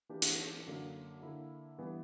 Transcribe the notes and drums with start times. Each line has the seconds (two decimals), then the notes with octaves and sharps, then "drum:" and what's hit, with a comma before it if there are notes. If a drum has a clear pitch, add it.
0.09 E3 A#3 D4 G4
0.22 drum: hi-hat
0.66 F#2 D3 A#3
1.22 D3 A#3 E4
1.78 G2 E3 B3